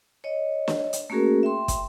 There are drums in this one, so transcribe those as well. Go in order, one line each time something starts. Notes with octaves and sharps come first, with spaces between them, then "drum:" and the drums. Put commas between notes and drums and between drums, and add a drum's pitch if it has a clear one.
C#5 D#5
drum: snare
drum: hi-hat
A3 A#3 C#4 F#4 G#4 A#4
E5 G5 C6
drum: kick, hi-hat